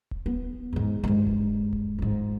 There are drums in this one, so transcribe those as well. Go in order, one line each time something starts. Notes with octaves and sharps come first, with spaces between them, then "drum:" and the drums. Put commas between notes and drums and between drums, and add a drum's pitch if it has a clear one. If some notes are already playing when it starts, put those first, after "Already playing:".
drum: kick D#1
B3
E2 G#2
G2 G#3
drum: kick D#1
drum: kick D#1
F2 G#2